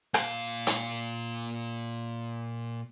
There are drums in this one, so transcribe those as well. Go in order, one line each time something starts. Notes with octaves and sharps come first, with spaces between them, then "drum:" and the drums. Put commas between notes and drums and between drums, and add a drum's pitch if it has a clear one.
A#2 F5, drum: rim click
drum: hi-hat